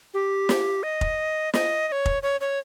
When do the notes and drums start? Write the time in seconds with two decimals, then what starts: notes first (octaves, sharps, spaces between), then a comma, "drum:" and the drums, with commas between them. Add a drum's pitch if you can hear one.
0.14 G4
0.49 drum: snare
0.83 D#5
1.01 drum: kick F1
1.54 D#5, drum: snare
1.88 D#5
1.92 C#5
2.06 drum: kick F1
2.23 C#5
2.41 C#5